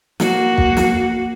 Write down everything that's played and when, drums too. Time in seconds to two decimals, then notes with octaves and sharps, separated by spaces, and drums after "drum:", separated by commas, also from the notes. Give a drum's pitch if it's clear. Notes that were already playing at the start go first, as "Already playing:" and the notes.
0.20 A#3 F#4, drum: snare
0.58 drum: kick
0.77 drum: snare